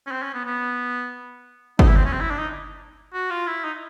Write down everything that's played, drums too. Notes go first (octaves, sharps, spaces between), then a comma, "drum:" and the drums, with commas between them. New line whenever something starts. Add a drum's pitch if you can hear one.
C#4
C4
C#4
B3
B3
D#4, drum: kick G1
E4
C4
C#4
C4
E4
D4
D#4
F#4
F4
E4
D#4